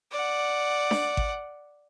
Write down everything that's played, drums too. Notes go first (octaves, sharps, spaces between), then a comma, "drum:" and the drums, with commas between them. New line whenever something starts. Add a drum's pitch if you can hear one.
D5 F#5
drum: snare D4
drum: kick G#1